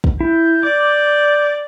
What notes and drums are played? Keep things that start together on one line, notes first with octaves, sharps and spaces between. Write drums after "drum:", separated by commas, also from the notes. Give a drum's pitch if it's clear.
drum: kick
E4 G6
D5 D6